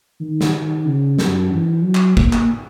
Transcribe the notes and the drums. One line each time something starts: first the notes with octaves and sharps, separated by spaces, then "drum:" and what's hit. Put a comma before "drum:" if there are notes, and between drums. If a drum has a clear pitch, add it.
D#3
drum: snare
D#3
C#3
F#2, drum: snare
E3
F#3
drum: clap
A#3, drum: kick
drum: clap